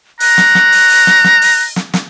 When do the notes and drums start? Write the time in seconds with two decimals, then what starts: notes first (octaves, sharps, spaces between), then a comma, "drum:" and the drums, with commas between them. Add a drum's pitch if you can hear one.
0.20 A#5 F#6, drum: open hi-hat
0.38 drum: snare
0.55 drum: snare
0.72 drum: open hi-hat
0.90 drum: open hi-hat
1.07 drum: snare
1.24 drum: snare
1.42 drum: open hi-hat
1.76 drum: snare
1.94 drum: snare